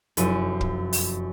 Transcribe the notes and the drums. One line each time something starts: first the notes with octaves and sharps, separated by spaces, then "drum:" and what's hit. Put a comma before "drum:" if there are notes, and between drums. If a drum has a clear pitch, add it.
F1 F#2 E4 D#7, drum: hi-hat
drum: kick
drum: open hi-hat